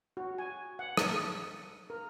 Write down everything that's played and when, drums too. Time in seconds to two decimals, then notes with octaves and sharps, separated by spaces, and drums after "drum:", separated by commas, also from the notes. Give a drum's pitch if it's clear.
0.17 F#4
0.38 G#5
0.79 F#5
0.97 A5, drum: rim click
1.90 A#4